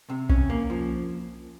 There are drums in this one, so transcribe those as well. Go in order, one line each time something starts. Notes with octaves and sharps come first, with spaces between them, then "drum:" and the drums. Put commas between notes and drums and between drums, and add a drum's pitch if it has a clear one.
C3
C#4, drum: kick B1
A#3
F3